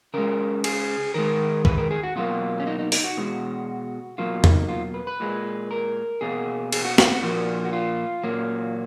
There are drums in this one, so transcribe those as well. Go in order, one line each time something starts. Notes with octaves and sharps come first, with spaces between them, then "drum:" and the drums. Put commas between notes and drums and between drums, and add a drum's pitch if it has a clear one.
C#3 G#3 A#4
G#4, drum: cymbal
D#3 G#3 A#4
B4, drum: kick
A#4
G#4
F#4
B2 F#3 A#3 F4
C#4
D#4
D#4
D#4, drum: open hi-hat
F#4
B2 G#3
B2 F#3 A#3 F4
D#4, drum: tom E2
F4
B4
B4
A#2 G#3
A#4
B2 A#3 G#4
G#4, drum: cymbal
F#4
F4, drum: snare
F#4
A#2 F3 A#3
F#4
F4
A#2 F#3 A#3